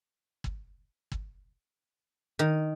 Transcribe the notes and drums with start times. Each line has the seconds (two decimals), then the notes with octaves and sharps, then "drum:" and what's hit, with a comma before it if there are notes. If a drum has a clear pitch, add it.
0.44 drum: kick
1.12 drum: kick
2.39 D#3